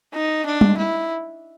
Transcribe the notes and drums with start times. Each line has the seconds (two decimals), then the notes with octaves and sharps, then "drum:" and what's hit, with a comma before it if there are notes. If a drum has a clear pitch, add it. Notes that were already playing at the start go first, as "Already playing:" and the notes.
0.14 D#4
0.46 D4
0.61 drum: tom
0.78 E4